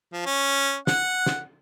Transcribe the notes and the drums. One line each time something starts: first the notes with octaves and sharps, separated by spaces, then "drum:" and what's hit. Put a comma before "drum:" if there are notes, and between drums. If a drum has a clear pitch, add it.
F3
C#4
F#5, drum: snare
drum: snare